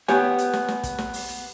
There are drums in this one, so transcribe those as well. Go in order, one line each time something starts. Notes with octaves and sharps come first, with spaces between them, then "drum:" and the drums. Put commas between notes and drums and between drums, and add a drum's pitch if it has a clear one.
B3 G4 C#5 G#5, drum: snare
drum: hi-hat
drum: snare
drum: snare
drum: kick, hi-hat
drum: snare
drum: open hi-hat
drum: hi-hat